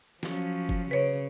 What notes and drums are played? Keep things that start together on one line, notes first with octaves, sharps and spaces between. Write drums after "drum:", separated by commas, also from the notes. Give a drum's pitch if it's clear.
F3 F#3 C#4, drum: snare
drum: kick F#1
C#3 B4 C#5